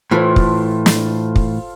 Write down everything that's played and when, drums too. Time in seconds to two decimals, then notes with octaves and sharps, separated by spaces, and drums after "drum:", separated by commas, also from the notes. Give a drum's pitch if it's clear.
0.11 A2 E3 F4 A4 C5
0.36 drum: kick
0.86 drum: snare
1.36 drum: kick